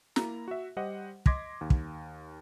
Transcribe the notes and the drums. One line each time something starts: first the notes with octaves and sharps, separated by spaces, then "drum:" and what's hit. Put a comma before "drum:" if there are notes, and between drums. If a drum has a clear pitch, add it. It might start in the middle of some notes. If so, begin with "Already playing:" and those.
A#3 E4 A#5, drum: snare
F#4 E5
G3 G4 C5 D#5 F#5
D#5 C6 D6 G#6 A#6 B6, drum: kick
D#2
drum: kick